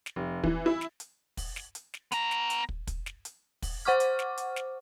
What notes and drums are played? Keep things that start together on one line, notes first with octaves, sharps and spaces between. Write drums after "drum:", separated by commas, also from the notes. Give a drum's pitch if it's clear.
drum: snare
F1
E3, drum: kick
E4
drum: snare
drum: hi-hat
drum: kick, open hi-hat
drum: snare
drum: hi-hat
drum: snare
B3 A#5, drum: hi-hat
drum: snare
drum: hi-hat
drum: kick
drum: kick, hi-hat
drum: snare
drum: hi-hat
drum: kick, open hi-hat
C5 F#5 C#6 D6 F6
drum: hi-hat
drum: snare
drum: hi-hat
drum: snare